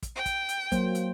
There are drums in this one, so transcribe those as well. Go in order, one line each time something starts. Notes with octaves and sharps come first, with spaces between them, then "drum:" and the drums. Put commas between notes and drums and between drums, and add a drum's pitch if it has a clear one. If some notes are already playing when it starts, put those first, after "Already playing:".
drum: kick, hi-hat
G5
drum: kick, hi-hat
drum: hi-hat
F#3 A#3 C5, drum: kick, hi-hat
drum: hi-hat